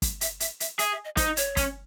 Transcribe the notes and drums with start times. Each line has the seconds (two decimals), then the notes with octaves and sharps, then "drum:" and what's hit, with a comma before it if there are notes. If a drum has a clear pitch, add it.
0.02 drum: kick, hi-hat
0.21 E5, drum: hi-hat
0.40 E5, drum: hi-hat
0.60 E5, drum: hi-hat
0.79 G#4 E5, drum: hi-hat
0.92 E5
1.05 D#5
1.17 D#4 C5, drum: kick, hi-hat
1.37 C#5, drum: hi-hat
1.57 C#4, drum: kick, hi-hat